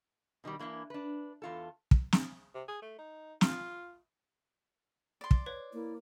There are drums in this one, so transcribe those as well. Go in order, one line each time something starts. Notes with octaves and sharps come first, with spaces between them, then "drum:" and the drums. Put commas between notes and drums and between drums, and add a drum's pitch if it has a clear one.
B2 D#3 F3 G3
E3 A#3 D4 E4
D4 B4
E2 F4 A4
drum: kick
drum: snare
C3
G#4
A3
D#4
F4, drum: snare
D5 C6
drum: kick
B4 C#5
A#3 E4